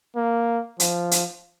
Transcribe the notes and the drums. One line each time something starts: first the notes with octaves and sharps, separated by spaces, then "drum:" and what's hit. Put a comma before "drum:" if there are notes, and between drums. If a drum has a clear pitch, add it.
A#3
F3, drum: hi-hat
drum: hi-hat